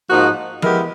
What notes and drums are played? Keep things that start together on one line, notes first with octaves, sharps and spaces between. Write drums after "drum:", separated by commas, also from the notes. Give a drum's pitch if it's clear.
G#2 F3 A#3 D#4 F#4
G#3 B3 E4 G4 A#4, drum: tom F3